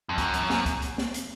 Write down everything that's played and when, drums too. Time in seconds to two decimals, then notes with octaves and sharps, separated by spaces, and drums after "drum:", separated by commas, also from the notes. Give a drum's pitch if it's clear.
0.09 F2
0.18 F#2, drum: kick, hi-hat
0.34 drum: hi-hat
0.50 drum: snare
0.66 drum: kick, hi-hat
0.82 drum: hi-hat
0.98 drum: snare
1.14 drum: hi-hat